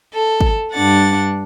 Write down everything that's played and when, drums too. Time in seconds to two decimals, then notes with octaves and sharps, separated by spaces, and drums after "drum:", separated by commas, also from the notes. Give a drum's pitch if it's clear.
0.12 A4
0.41 drum: kick
0.73 G2 D4 F#5 A6